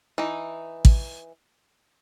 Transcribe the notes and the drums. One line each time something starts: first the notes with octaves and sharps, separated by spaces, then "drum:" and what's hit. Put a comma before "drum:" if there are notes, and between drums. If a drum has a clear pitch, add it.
E3 D#4
drum: kick A1